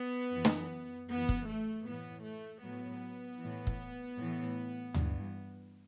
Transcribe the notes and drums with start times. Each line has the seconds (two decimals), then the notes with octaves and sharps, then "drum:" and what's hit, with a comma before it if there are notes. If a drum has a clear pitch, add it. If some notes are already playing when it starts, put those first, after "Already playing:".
Already playing: B3
0.32 F#2 E3
0.45 drum: snare
1.08 F#2 E3 B3
1.29 drum: kick
1.47 A3
1.86 A2 E3 B3
2.24 A3
2.63 A2 F#3 B3
3.40 A2 E3
3.67 drum: kick
4.17 A2 E3
4.94 G2 E3, drum: tom D2